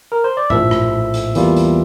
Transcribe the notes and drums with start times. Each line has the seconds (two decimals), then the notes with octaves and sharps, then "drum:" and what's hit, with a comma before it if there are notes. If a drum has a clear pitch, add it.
0.12 A#4
0.24 C5
0.37 D5
0.50 A#1 A2 F3 E5, drum: tom G2
0.71 drum: rim click
1.14 drum: hi-hat
1.35 E2 E3 G3 A#3 F4, drum: hi-hat
1.56 drum: hi-hat